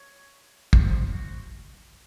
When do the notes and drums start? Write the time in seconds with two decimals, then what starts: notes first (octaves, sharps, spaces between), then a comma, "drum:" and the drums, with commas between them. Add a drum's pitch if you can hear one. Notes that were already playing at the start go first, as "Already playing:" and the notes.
Already playing: C#5
0.73 drum: kick
0.84 C5
1.12 F#4